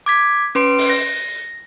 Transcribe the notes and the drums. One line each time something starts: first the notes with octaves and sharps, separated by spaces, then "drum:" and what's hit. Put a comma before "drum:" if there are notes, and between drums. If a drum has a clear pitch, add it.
D6 G#6 B6
C#4 B4 C6 D7
drum: open hi-hat
A#6